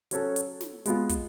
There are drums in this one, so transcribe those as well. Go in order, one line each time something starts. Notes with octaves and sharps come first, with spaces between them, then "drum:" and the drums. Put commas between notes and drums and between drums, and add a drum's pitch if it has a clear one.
F#3 C#4 F#4 A4, drum: hi-hat
drum: hi-hat
drum: snare
G#3 B3 F4, drum: hi-hat
drum: kick, hi-hat